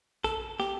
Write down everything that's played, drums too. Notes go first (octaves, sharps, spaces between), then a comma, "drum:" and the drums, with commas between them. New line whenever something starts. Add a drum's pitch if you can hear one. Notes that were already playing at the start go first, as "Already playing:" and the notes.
A4, drum: kick A#1, hi-hat
G4, drum: snare